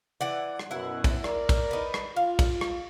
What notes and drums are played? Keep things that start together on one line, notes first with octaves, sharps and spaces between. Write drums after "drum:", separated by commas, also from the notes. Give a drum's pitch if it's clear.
E3 D5 F#5
drum: rim click
F#2 B2 E4 F#5
drum: kick, cymbal
A#4 D5, drum: rim click
drum: kick, cymbal
D#4 B4
drum: rim click
F4 F5
drum: kick, cymbal
drum: rim click